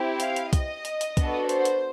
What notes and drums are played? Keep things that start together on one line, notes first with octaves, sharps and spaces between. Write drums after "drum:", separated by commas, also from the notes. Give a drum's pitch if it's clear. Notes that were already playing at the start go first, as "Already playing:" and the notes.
Already playing: C4 E4 G4
F5, drum: hi-hat
drum: hi-hat
D#5, drum: kick, hi-hat
drum: hi-hat
drum: hi-hat
B3 D4 F#4 A4, drum: kick, hi-hat
C5, drum: hi-hat
drum: hi-hat